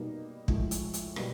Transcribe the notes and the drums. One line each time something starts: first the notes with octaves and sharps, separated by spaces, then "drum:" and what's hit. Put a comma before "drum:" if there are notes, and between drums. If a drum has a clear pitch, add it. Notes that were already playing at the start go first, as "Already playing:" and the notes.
Already playing: B2 G3 A#3 D#4
A2 F3 G#3, drum: kick
drum: hi-hat
drum: hi-hat
B2 G3 A#3, drum: rim click